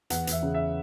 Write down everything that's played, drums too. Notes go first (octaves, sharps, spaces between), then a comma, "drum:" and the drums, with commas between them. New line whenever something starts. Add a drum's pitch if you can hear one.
E2 F#5, drum: hi-hat
E2 E5, drum: hi-hat
C#3
E5